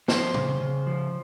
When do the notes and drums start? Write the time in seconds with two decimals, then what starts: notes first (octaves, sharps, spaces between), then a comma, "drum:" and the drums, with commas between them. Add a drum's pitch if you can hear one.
0.08 F3 C5, drum: snare
0.34 C#3, drum: tom
0.60 C#3
0.87 F3